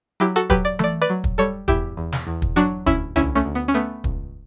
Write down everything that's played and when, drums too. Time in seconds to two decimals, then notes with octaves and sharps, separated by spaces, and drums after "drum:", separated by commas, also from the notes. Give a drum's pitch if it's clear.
0.20 F#3 E4 G4
0.36 F#4 A4
0.50 F#3 G4 B4, drum: kick
0.65 D5
0.79 A3 D5, drum: tom E3
1.02 B4 D5
1.09 F#3
1.24 drum: kick
1.38 G3 A4 C#5
1.68 E2 E4 G4, drum: kick
1.97 E2
2.12 drum: snare
2.27 E2
2.42 drum: kick
2.56 F#3 D4 F#4
2.86 D2 C#4 E4, drum: kick
3.16 D2 C#4 E4, drum: tom C2
3.35 A3 C#4
3.45 D2
3.55 B3
3.68 C#4
3.74 A3 B3
4.04 C#2, drum: kick